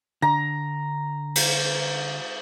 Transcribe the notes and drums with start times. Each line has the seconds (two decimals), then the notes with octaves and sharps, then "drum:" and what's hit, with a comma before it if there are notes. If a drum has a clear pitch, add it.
0.22 D3 A#5
1.35 drum: cymbal